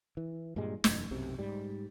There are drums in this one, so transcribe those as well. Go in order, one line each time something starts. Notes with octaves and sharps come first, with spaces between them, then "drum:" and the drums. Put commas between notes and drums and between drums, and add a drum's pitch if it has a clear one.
E3
G2 A#2 G3 G#3
E1 F#2, drum: snare
B1 F#2 C3
G#2 G3